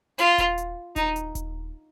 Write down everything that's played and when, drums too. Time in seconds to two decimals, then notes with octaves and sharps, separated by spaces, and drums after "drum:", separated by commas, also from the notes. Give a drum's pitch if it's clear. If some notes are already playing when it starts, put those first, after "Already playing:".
0.18 F4, drum: hi-hat
0.38 drum: kick D#1, hi-hat
0.58 drum: hi-hat
0.96 D#4, drum: kick D#1, hi-hat
1.16 drum: hi-hat
1.35 drum: kick D#1, hi-hat